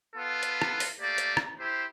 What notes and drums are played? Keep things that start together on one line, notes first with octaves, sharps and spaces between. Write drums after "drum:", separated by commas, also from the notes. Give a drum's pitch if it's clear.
B3 F4 A4 B4
drum: hi-hat
drum: rim click
drum: open hi-hat
A3 A#3 G4 D5
drum: hi-hat
drum: rim click
E4 G4 C5